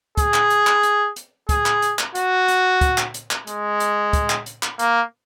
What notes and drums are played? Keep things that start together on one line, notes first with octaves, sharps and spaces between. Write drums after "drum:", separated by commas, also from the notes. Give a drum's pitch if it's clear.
G#4, drum: kick, hi-hat
drum: clap
drum: hi-hat
drum: clap
drum: hi-hat
drum: hi-hat
G#4, drum: kick, hi-hat
drum: clap
drum: hi-hat
drum: clap
F#4, drum: hi-hat
drum: hi-hat
drum: kick, hi-hat
drum: clap
drum: hi-hat
drum: clap
G#3, drum: hi-hat
drum: hi-hat
drum: kick, hi-hat
drum: clap
drum: hi-hat
drum: clap
A#3, drum: hi-hat